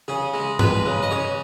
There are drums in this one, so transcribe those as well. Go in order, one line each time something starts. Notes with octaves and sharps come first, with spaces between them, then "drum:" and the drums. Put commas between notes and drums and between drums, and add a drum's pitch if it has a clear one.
C#3 G#4
G#3
G#3 B4, drum: tom G2
C#3
D#5
C#3 C#5